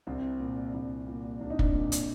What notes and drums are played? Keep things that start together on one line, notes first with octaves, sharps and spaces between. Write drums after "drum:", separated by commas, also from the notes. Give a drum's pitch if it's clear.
C2 C4
A#2
C2
A#2
C2 D4
D#4
D4, drum: kick
A#2
drum: hi-hat